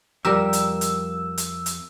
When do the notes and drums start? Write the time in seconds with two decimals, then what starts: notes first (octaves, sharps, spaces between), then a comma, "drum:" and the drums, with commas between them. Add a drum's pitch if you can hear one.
0.25 F2 G3 G4 A#4 E6
0.53 drum: hi-hat
0.81 drum: hi-hat
1.38 drum: hi-hat
1.66 drum: hi-hat